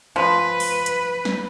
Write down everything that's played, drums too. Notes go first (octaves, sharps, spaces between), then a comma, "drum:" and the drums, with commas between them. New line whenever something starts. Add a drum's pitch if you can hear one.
F3 B4
drum: open hi-hat
drum: hi-hat
drum: snare